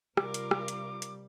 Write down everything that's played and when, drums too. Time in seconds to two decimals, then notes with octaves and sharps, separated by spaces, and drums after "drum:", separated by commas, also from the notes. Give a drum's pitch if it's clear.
0.17 C3 G3 F4 A#4 D6, drum: rim click
0.34 drum: hi-hat
0.51 drum: rim click
0.68 drum: hi-hat
1.02 drum: hi-hat